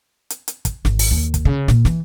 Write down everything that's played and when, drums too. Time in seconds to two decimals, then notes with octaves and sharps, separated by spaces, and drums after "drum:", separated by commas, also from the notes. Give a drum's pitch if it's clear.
0.30 drum: hi-hat
0.48 drum: hi-hat
0.65 drum: kick, hi-hat
0.85 G#1, drum: snare
0.99 drum: open hi-hat
1.11 D#2
1.34 drum: kick, hi-hat
1.45 C#3
1.68 A#2, drum: snare
1.85 E3, drum: snare